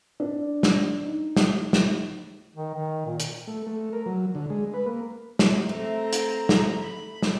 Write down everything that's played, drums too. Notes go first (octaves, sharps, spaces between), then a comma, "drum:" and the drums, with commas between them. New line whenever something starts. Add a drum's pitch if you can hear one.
D4
drum: snare
D#4
drum: snare
drum: snare
D#3
D#3
A#2
drum: hi-hat
A3
A3
A#4
F#3
D3
G#3
B4
A#3
drum: snare
A3 C4 A#5
drum: hi-hat
drum: snare
B5
drum: snare